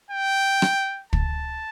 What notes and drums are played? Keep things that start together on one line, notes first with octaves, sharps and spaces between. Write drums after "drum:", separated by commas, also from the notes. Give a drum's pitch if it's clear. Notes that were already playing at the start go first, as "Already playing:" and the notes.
G5
drum: rim click
A5, drum: kick